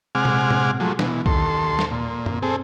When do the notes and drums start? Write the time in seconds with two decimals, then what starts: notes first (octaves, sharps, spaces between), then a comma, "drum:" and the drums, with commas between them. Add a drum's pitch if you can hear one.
0.15 C3 G#3 F#5 G#5 D6 F6
0.25 drum: tom A#2
0.50 drum: tom A2
0.80 F3 F#3 G#3 A3
0.99 B2 E3, drum: snare
1.26 D#2 A4 C6, drum: kick B1
1.79 drum: snare
1.91 A#2
2.26 drum: tom F#2
2.42 C4 G#4 A4